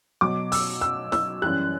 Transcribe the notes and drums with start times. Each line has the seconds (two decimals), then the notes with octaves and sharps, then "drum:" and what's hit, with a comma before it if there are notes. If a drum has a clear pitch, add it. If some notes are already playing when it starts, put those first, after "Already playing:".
0.21 B2 F#3 D6
0.52 E6, drum: open hi-hat
0.81 E6
1.12 E6, drum: snare
1.42 F#2 E3 G3 F#6